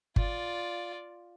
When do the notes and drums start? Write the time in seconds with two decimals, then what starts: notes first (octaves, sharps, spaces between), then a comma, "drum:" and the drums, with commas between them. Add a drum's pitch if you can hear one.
0.16 F4 D5, drum: kick G1